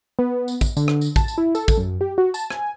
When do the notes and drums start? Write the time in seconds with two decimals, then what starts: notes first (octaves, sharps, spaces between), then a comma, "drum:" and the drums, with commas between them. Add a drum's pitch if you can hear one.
0.19 B3
0.48 drum: tambourine
0.61 drum: kick, tambourine
0.77 D3, drum: tambourine
0.88 drum: rim click
1.01 drum: tambourine
1.16 A5, drum: kick, tambourine
1.28 drum: tambourine
1.38 E4
1.55 A4, drum: tambourine
1.68 drum: kick, tambourine
1.77 F#2
2.01 G4
2.18 F#4
2.34 A5, drum: tambourine
2.50 G#5, drum: rim click